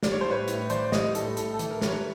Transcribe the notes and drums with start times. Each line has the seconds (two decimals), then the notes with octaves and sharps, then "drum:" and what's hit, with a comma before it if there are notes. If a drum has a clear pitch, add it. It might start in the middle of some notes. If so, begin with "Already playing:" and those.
0.03 G3 D5, drum: snare
0.12 C#5
0.21 A2 C5
0.30 B4 C#5
0.48 A2, drum: hi-hat
0.70 E3 C5 D5, drum: hi-hat
0.92 G3 C#5 D#5, drum: snare
1.15 A2 A4, drum: hi-hat
1.37 A2 A4, drum: hi-hat
1.54 A4
1.59 E3, drum: hi-hat
1.70 A#4
1.82 G3, drum: snare
1.87 B4 C#5